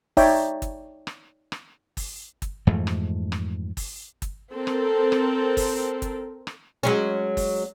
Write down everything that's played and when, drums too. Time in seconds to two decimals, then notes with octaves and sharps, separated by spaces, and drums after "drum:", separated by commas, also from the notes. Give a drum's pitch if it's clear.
0.17 D#4 C#5 D5 E5 G5, drum: kick, open hi-hat
0.62 drum: kick, hi-hat
1.07 drum: rim click
1.52 drum: rim click
1.97 drum: kick, open hi-hat
2.42 drum: kick, hi-hat
2.67 F2 G#2 E3 A3
2.87 drum: rim click
3.32 drum: rim click
3.77 drum: kick, open hi-hat
4.22 drum: kick, hi-hat
4.51 C4 A4 A#4
4.67 drum: rim click
5.12 drum: rim click
5.57 drum: kick, open hi-hat
6.02 drum: kick, hi-hat
6.47 drum: rim click
6.83 F#3 G#3 C#4
7.37 drum: kick, open hi-hat